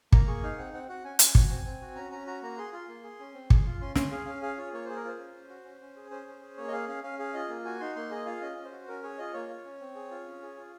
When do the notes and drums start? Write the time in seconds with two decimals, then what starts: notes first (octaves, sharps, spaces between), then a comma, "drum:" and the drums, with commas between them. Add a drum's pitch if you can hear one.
0.12 A#3 A#5, drum: kick
0.27 G#4 C#6
0.43 D#4 F5
0.58 C4 F#5
0.73 C4 F#5
0.89 F#4 F#5
1.04 C#4 G#5
1.19 C#4, drum: hi-hat
1.27 G#5
1.35 F#4, drum: kick
1.50 C4
1.65 C4
1.81 F#4
1.96 C#4 A#5
2.12 C#4 A#5
2.26 F#4 A#5
2.42 A#3 A#5
2.58 G#4 C6
2.73 F4 C6
2.88 A#3
3.03 G#4
3.20 C#4
3.34 C4
3.50 G#4, drum: kick
3.66 F4
3.81 C#4 C6
3.95 C#4 C6, drum: snare
4.11 G#4 F5
4.26 C#4 F5
4.42 G#4 F5
4.57 F4 C#5
4.73 A#3 C#5
4.85 G#4 C5
4.96 A#4
5.04 F4 C5
5.18 C#4
5.35 C#4
5.49 F#4
5.65 C#4
5.81 C#4
5.96 G#4
6.11 C#4 C5
6.27 C#4
6.42 G#4
6.57 A#3 C#5
6.68 D#5
6.72 G#4 F5
6.88 C#4 F5
7.03 C#4 F5
7.19 G#4 F5
7.34 F4 D#5
7.49 A#3
7.65 F#4 G#5
7.80 D#4 C6
7.96 A#3 C6
8.10 G#4 D#5
8.26 F4 F5
8.41 C#4 D#5
8.57 C#4
8.65 C5
8.72 F#4
8.88 C#4 A#4
9.03 G#4 C#5
9.18 F4 D#5
9.33 A#3 C#5
9.49 F4
9.65 C#4
9.81 C4
9.95 G#4
10.11 F4
10.27 C#4
10.42 G#4
10.57 F4